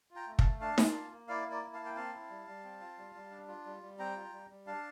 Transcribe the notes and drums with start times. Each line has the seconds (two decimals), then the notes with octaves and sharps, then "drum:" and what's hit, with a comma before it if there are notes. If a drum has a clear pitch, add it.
0.11 F4
0.16 G5 A#5
0.27 A3
0.39 F5 A5, drum: kick
0.44 A3
0.61 D4 F5 A5
0.78 F4, drum: snare D#4
0.95 A#3
1.12 A#3
1.28 E4 D5 F5
1.46 A#3
1.51 A#4 D5
1.62 E4
1.74 F5 A5
1.80 A#3
1.85 G5
1.96 C4 F5 A5
2.13 E4
2.30 G3
2.48 G3
2.64 C4
2.81 F4
2.98 G3
3.15 G3
3.31 D4
3.48 F4
3.66 G3
3.82 G3
3.99 C4 G5 A#5
4.16 F4
4.33 G3
4.50 G3
4.67 D4 F5 A5